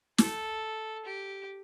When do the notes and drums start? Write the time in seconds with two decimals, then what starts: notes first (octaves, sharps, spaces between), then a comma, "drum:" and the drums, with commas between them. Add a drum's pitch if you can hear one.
0.18 A4, drum: snare
1.05 G4